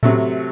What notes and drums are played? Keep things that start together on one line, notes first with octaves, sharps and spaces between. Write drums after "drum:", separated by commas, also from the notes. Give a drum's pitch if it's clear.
C3 F#3 A3, drum: tom A2